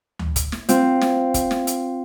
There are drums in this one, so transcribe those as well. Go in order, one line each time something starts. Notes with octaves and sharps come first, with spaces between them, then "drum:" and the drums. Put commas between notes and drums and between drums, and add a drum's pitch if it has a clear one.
drum: tom D2
drum: kick F#1, hi-hat
drum: snare
C4 F4, drum: hi-hat
drum: snare
drum: kick F#1, hi-hat
drum: snare
drum: hi-hat